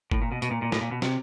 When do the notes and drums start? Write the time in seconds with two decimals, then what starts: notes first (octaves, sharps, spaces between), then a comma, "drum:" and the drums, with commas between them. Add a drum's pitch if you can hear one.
0.12 A2, drum: kick
0.22 A#2
0.32 B2
0.42 B2, drum: hi-hat
0.51 A#2
0.62 A#2
0.72 A2, drum: snare
0.81 A#2
0.91 B2
1.02 C3, drum: snare